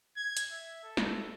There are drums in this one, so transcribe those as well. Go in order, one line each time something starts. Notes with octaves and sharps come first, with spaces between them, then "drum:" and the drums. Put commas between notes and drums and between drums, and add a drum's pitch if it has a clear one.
G#6
drum: hi-hat
E5
A4
drum: snare